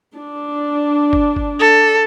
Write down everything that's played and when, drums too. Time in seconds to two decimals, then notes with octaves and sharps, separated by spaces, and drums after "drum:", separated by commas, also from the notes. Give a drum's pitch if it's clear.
0.16 D4
1.13 drum: kick G1
1.36 drum: kick G1
1.60 A4